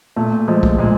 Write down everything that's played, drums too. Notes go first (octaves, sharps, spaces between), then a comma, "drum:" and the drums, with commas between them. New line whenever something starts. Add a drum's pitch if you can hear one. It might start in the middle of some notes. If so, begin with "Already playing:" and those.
A#2 A3
F3 G#3
drum: kick
A#2 G#3